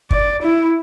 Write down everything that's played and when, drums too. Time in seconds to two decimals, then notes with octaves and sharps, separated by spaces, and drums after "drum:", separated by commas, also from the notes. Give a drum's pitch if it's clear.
0.11 D5, drum: kick
0.42 E4